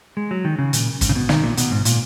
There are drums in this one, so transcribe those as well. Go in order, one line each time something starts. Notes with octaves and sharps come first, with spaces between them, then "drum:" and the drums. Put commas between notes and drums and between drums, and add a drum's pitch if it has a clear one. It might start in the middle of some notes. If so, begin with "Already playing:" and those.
G#3
F#3
D#3
C#3
A#2, drum: hi-hat
G#2, drum: kick, hi-hat
C#3
B2
D#3, drum: snare
A#2
B2, drum: hi-hat
G#2
A#2, drum: hi-hat